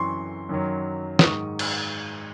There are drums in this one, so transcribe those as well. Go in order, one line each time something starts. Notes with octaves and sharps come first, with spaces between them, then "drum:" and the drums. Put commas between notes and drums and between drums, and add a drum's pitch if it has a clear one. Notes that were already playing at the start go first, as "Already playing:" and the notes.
Already playing: F#2 E3 C6 C#6
F#2 D#3 F#3
D#6, drum: snare
G#2 D#3 F#3 C#6
drum: cymbal